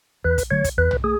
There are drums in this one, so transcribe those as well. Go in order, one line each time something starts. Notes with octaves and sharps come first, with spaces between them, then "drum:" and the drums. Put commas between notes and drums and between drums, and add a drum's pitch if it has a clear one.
E2 B4
drum: kick, hi-hat
D3 F#3 A3 C#5
drum: kick, hi-hat
E2 B4
drum: tom
A3 G#4